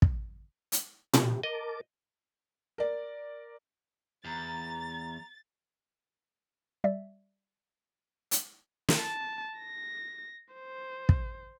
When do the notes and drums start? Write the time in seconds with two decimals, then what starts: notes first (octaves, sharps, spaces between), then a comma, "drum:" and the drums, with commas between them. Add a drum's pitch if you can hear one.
0.02 drum: kick
0.72 drum: hi-hat
1.14 G4, drum: tom A#2
1.43 A#4 D#5 A5 D6
2.78 A#4 D5
4.25 E2 A#5 A6
6.84 G3 D5 E5
8.31 drum: hi-hat
8.88 drum: snare
8.99 A5
9.58 A#6
10.54 C5
11.09 drum: kick